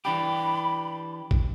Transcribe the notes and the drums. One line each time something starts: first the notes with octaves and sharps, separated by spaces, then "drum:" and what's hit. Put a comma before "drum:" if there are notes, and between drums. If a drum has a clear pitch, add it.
E3 D4 G4 B5
drum: kick A1